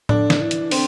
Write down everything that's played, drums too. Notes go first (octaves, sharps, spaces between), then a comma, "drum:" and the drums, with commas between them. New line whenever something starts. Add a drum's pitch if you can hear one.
D3 D4, drum: tom A2
drum: snare
E3
drum: hi-hat
D3 C4, drum: open hi-hat